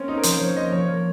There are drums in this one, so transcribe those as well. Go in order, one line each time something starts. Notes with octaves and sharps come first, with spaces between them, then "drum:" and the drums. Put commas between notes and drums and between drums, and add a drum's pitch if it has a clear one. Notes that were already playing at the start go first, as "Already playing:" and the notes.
Already playing: A#3 C4 C#4
D#4 F4
A#4
F3 C5, drum: hi-hat
F3 C#5
A#3 D#5
F3 C#5
A#3